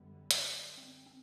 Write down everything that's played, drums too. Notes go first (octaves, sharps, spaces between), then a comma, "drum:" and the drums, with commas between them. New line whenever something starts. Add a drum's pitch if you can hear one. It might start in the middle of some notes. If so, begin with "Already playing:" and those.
Already playing: F#2 D3 G3 B3
drum: hi-hat
C4
C4